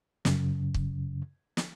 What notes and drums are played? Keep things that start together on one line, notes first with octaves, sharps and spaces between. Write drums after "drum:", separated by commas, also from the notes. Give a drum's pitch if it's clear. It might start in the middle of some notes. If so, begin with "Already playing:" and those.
F#2 C#3, drum: snare
drum: kick
drum: snare